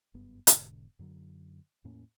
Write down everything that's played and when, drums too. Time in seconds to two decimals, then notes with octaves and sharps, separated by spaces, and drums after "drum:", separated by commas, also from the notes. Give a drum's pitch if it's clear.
0.14 F#1 G2 B3
0.47 E1 G#2 B2 D3, drum: hi-hat
0.99 F#2 D3 F#3
1.84 E2 A2 A#3 C#4